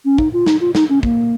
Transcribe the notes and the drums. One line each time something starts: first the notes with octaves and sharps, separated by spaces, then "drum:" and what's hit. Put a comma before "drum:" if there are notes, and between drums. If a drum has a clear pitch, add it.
C#4
D#4, drum: kick
F4
D#4, drum: snare
F4
D#4, drum: snare
C#4
A#3, drum: kick